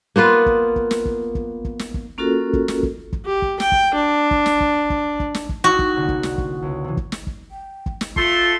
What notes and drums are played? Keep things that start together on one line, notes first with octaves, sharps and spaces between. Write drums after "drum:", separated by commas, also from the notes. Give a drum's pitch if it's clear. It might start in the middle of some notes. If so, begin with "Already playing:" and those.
A#3 B3 F4 B4
drum: kick
drum: kick
drum: snare
drum: kick
drum: kick
drum: kick
drum: snare
drum: kick
A#3 C#4 F4 F#4 A4 A#4
drum: kick
drum: snare
drum: kick
drum: kick
G4
drum: kick
G5, drum: snare
drum: kick
D4
drum: kick
drum: snare
drum: kick
drum: kick
drum: kick
drum: snare
drum: kick
D#4 E4 F#4
drum: kick
C2 D3 A#3
drum: kick
drum: snare
drum: kick
C#2
C3 E3
drum: kick
drum: snare
drum: kick
G5
drum: kick
drum: snare
A3 F4 A4 C6, drum: kick